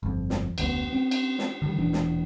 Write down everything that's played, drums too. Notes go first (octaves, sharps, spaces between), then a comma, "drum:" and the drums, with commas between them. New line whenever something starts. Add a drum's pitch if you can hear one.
G1 F2
drum: snare
F1 D2 C3 B3, drum: cymbal
C4
drum: cymbal
drum: snare
D3 D#3 G3
E1 A#2 E3 D4
drum: snare